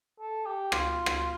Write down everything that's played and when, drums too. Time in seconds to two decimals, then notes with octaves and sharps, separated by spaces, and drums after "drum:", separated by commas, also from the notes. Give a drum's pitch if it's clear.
0.20 A4
0.46 G4
0.72 F4, drum: rim click
1.06 drum: rim click